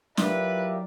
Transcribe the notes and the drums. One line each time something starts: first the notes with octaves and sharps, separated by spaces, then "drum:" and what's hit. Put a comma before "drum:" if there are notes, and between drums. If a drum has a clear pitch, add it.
F#3 E4 F4 G4 A#4 B4 D5 E5, drum: snare